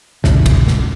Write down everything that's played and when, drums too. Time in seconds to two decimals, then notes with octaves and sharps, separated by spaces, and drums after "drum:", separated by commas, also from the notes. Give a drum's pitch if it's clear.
0.24 A#1 E2 C#3, drum: snare
0.46 drum: kick, cymbal
0.68 drum: snare